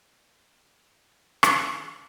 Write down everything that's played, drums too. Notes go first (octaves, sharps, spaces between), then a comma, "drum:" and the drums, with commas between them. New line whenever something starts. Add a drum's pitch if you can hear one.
G1 A#2 G#4
drum: rim click